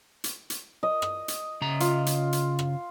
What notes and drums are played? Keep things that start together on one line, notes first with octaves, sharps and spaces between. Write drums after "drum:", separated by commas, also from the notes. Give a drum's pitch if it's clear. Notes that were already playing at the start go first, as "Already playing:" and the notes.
drum: hi-hat
drum: hi-hat
D#5
drum: rim click
drum: hi-hat
C#3 A#5
F4, drum: hi-hat
drum: hi-hat
drum: hi-hat
drum: rim click